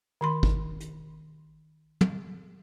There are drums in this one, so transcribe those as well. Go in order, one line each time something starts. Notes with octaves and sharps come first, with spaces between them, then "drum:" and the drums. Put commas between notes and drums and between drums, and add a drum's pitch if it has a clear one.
D#3 B5 C6
drum: kick
drum: hi-hat
drum: tom